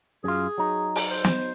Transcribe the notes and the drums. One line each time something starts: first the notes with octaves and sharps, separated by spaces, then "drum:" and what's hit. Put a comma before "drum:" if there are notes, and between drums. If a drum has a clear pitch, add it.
F#2 F4 G#4
F#3 D#4
drum: open hi-hat
C5
drum: snare